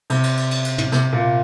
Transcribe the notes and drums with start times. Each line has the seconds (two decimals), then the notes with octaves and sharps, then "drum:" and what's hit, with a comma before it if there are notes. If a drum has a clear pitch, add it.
0.10 C3, drum: cymbal
0.23 drum: cymbal
0.37 drum: cymbal
0.51 drum: cymbal
0.65 drum: cymbal
0.78 drum: tom
0.92 C3, drum: snare
1.12 A#2